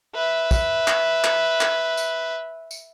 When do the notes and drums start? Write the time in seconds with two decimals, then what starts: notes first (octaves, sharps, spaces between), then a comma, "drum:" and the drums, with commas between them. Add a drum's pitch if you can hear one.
0.14 B4 E5
0.51 drum: kick, tambourine
0.88 drum: clap
1.24 drum: clap
1.61 drum: clap
1.97 drum: tambourine
2.71 drum: tambourine